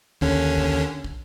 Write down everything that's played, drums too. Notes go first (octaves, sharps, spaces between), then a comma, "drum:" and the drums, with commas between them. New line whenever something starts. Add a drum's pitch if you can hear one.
D#2 D3 C#4, drum: kick
drum: kick
drum: kick